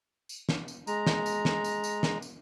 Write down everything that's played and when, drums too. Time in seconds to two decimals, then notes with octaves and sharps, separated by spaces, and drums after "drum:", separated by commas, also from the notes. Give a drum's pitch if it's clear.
0.29 drum: tambourine
0.49 drum: snare
0.68 drum: tambourine
0.87 G#3 A#5, drum: tambourine
1.07 drum: snare
1.26 drum: tambourine
1.45 drum: snare
1.64 drum: tambourine
1.84 drum: tambourine
2.03 drum: snare
2.22 drum: tambourine